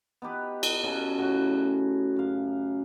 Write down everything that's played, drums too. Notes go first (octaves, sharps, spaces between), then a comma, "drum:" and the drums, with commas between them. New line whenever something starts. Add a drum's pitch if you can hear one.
B3 D#4 G4 B4
drum: cymbal
C#3 C#4 F#4 A4
A2 F#4
F#2 F5